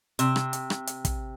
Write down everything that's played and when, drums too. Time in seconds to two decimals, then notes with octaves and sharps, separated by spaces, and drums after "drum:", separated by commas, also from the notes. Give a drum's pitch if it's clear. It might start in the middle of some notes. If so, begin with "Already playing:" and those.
0.19 C3, drum: hi-hat
0.36 drum: rim click
0.53 drum: hi-hat
0.70 drum: rim click
0.87 drum: hi-hat
1.05 drum: kick, hi-hat